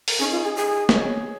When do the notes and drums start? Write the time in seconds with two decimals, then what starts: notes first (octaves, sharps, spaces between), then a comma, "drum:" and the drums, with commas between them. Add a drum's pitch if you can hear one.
0.08 A#4, drum: open hi-hat
0.19 C#4 D#4 G#4
0.31 F4
0.44 G#4
0.56 G#4
0.89 D#5, drum: snare
0.93 G#4 C#5